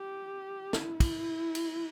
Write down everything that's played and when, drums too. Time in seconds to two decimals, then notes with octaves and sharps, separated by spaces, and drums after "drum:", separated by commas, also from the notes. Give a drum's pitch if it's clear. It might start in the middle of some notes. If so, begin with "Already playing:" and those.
Already playing: G4
0.73 E4, drum: snare
1.00 drum: kick, cymbal
1.55 drum: cymbal